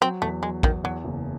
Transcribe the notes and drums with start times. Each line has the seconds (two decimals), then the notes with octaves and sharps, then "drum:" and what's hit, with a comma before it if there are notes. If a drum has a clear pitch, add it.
0.01 F#3 C4
0.22 E2 A3
0.43 F#3 G#3
0.63 E2 D#3, drum: kick
0.84 E2 F#3
1.05 F#1